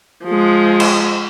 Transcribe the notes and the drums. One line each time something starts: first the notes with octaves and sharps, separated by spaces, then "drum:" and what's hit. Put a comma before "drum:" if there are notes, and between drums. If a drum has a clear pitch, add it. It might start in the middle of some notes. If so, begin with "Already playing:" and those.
F3 G#3
drum: cymbal